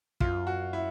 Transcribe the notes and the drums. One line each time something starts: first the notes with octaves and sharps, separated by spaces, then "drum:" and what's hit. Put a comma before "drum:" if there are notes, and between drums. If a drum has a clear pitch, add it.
F#2 F4, drum: kick
F#4
E4